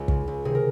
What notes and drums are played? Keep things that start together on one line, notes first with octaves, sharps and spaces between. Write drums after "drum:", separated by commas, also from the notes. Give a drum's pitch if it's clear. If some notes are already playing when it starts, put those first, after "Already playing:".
Already playing: C#2 D#5
C#3 G#3, drum: kick
C#2
C3 D#3 G#4
A#4